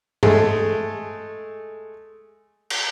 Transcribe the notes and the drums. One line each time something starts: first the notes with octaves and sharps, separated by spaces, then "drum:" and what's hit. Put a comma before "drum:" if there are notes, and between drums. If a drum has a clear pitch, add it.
G#3 A3, drum: tom G2
drum: cymbal